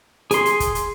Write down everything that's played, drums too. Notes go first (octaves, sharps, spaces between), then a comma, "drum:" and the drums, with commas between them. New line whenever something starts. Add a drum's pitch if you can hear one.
G#4 C6, drum: hi-hat
drum: hi-hat
drum: kick F#1, hi-hat
drum: hi-hat